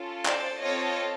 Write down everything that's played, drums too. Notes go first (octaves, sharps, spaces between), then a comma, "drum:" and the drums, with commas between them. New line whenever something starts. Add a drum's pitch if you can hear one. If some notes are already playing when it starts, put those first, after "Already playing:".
Already playing: C#4 F4 A4
C5 D5, drum: clap
C4 F4 A4 C#5 D#5